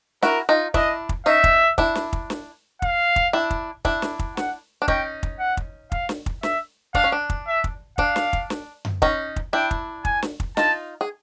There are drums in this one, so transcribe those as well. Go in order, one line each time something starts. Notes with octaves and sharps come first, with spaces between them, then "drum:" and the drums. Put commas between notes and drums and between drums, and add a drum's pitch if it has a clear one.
E4 F#4 A#4, drum: snare
D#4 F4
D4 E4 D#5, drum: kick
drum: kick
C#4 D#4 E5
drum: kick
D4 E4, drum: kick
drum: snare
drum: kick
drum: snare
F5, drum: kick
drum: kick
D4 E4
drum: kick
D4 E4, drum: kick
drum: snare
drum: kick
F#5, drum: snare
D4
C#4 D#4 G5, drum: kick
drum: kick
F#5
drum: kick
F5, drum: kick
drum: snare
drum: kick
E5, drum: snare
D4 F5, drum: kick
C#4
D4
drum: kick
E5
drum: kick
D4 F5, drum: kick
drum: snare
drum: kick
drum: snare
drum: tom F#2
C#4 D#4, drum: kick
drum: kick
D4 E4 G5
drum: kick
G#5, drum: kick
drum: snare
drum: kick
D#4 F4 A5, drum: snare
G#4